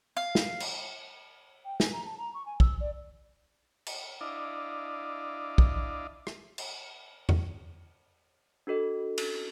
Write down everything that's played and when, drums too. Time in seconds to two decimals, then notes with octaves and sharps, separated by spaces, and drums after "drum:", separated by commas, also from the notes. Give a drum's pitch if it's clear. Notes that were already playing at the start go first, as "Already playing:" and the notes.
0.17 F5
0.35 drum: snare
0.60 drum: cymbal
1.65 G5
1.80 G#5, drum: snare
1.93 A#5
2.05 A5
2.18 A#5
2.34 C#6
2.46 G#5
2.60 E6, drum: kick
2.80 D5
3.86 drum: cymbal
4.21 D4 E4 D5 D#5 F5
5.58 drum: kick
6.27 drum: rim click
6.58 drum: cymbal
7.29 drum: tom E2
8.67 D4 F#4 A4 D#5
9.18 drum: cymbal